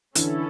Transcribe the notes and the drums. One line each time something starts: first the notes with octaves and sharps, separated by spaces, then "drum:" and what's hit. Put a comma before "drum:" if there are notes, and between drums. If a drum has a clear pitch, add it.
D3 E3 C#4 E4 A4, drum: hi-hat